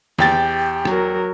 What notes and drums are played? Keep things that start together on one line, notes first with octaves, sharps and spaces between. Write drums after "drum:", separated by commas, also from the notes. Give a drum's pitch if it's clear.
E2 G4 G5 A6, drum: snare
F#3 A#4, drum: rim click